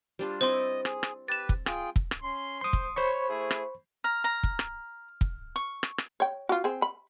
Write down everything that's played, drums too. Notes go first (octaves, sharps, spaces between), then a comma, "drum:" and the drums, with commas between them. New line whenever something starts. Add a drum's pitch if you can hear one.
G3 D4 F4
C4 E4 C5 D5 D#5 C6
G#4, drum: rim click
drum: rim click
G4 B4 A6 E7
drum: kick
F4 G#4 G5, drum: rim click
drum: kick
drum: rim click
C#4 C6
C5 C6 D#6
drum: kick
C5 C#5 B5 C#6
A3 E4 G#4
drum: rim click
A#5 F6
A#5
drum: kick
drum: rim click
drum: kick
C#6
drum: rim click
drum: rim click
C#5 G5
F4 F#4
C4 G#4
B5